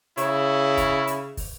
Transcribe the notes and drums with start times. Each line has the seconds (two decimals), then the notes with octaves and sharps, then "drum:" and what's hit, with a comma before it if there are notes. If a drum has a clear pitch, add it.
0.17 C#3 E4, drum: hi-hat
0.77 drum: kick, hi-hat
1.07 drum: hi-hat
1.37 drum: kick, open hi-hat